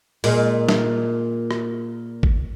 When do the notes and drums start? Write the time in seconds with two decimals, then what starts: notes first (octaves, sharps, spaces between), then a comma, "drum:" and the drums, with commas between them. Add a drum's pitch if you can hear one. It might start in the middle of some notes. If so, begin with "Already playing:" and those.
0.24 A#2 G#3, drum: open hi-hat
0.69 drum: snare
1.51 drum: rim click
2.23 drum: kick G#1